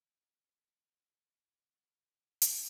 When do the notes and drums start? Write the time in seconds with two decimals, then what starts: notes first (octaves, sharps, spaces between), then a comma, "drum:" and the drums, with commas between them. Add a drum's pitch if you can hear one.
0.17 D#4
1.61 F4
2.42 drum: hi-hat